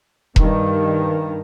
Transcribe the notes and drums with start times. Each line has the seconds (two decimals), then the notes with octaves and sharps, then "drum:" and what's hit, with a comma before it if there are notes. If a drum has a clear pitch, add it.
0.36 G2 D#3, drum: kick E1